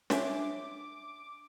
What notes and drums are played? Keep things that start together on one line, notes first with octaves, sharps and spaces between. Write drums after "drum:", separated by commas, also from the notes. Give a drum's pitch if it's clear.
D4 C#5 E5 G#5 C6 D6, drum: snare